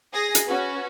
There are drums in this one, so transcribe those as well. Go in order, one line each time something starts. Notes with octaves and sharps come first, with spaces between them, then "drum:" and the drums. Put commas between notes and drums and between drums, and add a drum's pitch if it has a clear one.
G#4 D#6 A#6 C7
drum: hi-hat
C#4 F#4 B4